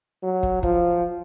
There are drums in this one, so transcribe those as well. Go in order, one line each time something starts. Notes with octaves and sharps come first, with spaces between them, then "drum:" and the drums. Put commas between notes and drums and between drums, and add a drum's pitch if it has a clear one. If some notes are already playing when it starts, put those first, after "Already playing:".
F#3
drum: kick
F3, drum: kick